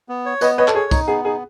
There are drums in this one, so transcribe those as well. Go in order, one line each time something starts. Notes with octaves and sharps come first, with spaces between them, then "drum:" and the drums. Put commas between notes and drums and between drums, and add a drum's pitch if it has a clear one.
B3
C#5
B3 B4 D#5, drum: tambourine
B4 C#5 D#5
A4, drum: clap
G#4 C#5
D#4, drum: kick, tambourine
B3 G#4
D#4 G#4